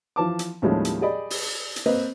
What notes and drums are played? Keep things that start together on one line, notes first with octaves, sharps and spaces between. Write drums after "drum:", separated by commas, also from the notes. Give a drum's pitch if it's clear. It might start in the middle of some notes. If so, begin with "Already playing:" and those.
E3 F3 A5 D6
drum: hi-hat
D#2 A2 F3 G3 G#3 C#4
drum: hi-hat
G4 G#4 D5 D#5 B5
drum: open hi-hat
drum: hi-hat
A#3 C4 B4 D#5